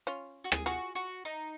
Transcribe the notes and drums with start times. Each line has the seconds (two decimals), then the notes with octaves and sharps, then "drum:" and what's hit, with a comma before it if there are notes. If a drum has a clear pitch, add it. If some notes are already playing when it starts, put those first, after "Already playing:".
0.07 C#4 F4
0.44 F#4
0.52 G#4, drum: rim click
0.66 F4 F#4 G#4
0.95 F#4
1.25 D#4